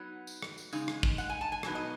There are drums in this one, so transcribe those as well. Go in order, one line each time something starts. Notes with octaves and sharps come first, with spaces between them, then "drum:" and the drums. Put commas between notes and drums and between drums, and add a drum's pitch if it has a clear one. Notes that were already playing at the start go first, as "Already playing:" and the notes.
Already playing: F#3 B3 D#4 F#5
drum: tambourine
drum: rim click
drum: tambourine
C#3 G#3 D#4, drum: tambourine
drum: rim click
drum: kick
F#5, drum: tambourine
G#5
A5
G#5
B2 F#3 B3 D#4, drum: rim click
D#5